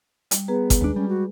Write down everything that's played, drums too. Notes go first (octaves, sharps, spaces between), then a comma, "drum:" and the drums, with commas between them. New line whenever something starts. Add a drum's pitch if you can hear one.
G3, drum: hi-hat
B3 G#4 B4 A#5
drum: kick G1, hi-hat
D#2 G#3 D4
G3 C#4
F#4